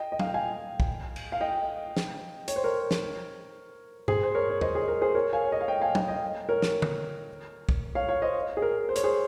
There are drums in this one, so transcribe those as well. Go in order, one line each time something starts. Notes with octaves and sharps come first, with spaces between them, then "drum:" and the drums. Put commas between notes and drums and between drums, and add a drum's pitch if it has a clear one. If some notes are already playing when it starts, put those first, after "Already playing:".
Already playing: D#5 G5
D#5
F5, drum: tom F#3
G5
F5 G#5
drum: kick
drum: cymbal
F5
D#5 G5
drum: snare
C#5, drum: hi-hat
C5
A#4 C#5
drum: snare
G#4 C5, drum: tom G2
C5
A#4 C#5
C#5
C5 D#5, drum: tom E2
G#4
A#4
G#4 C5
A#4 C#5
F5 G#5
C#5
D#5
F5
D#5 G5
F5 G#5
D#5 G5, drum: tom F#3
D#5 G5
A#4 C#5
drum: snare
drum: tom D3
drum: kick
C#5 F5
C#5 F5
C5 D#5
G#4
A#4
C5
C#5, drum: hi-hat
G#4 C5